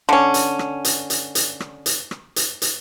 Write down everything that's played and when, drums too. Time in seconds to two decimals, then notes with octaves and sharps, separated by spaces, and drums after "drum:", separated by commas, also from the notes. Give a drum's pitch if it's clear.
0.09 D3 C#4
0.34 drum: hi-hat
0.59 drum: rim click
0.85 drum: hi-hat
1.10 drum: hi-hat
1.35 drum: hi-hat
1.60 drum: rim click
1.86 drum: hi-hat
2.11 drum: rim click
2.36 drum: hi-hat
2.62 drum: hi-hat